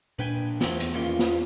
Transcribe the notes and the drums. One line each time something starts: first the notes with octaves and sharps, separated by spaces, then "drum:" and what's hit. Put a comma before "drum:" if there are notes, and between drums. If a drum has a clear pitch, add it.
A#2 D4 B4 G5 G#5
E2 A2 E3 F3 C4, drum: snare
drum: hi-hat
A1 D#2 F4 C6
drum: snare